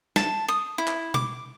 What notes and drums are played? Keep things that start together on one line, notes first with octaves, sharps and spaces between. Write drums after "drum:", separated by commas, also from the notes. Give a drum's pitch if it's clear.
A5, drum: snare
D#6
E4
drum: clap
D6, drum: tom B2